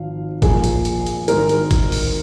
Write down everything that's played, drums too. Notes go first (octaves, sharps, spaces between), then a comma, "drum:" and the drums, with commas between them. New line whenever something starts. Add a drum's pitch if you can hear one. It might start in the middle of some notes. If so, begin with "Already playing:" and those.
Already playing: G#1 G#2 F3 F5
A#1 A#2 A#3 G#4, drum: kick, hi-hat
drum: hi-hat
drum: hi-hat
drum: hi-hat
G#1 G#2 G#3 A#4, drum: hi-hat
drum: hi-hat
drum: kick, hi-hat
drum: open hi-hat